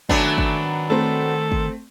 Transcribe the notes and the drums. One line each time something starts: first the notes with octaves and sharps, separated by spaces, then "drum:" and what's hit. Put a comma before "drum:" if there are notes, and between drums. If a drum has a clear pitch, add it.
D#3 F#3 A3 B3 D4 G#5, drum: kick
drum: kick
A3 C4 A4
drum: kick